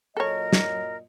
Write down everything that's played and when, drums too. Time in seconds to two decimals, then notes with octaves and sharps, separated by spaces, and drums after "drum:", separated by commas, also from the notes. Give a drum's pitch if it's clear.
0.17 A#2 F#3 A4 A#4 C#5 D#5
0.53 drum: snare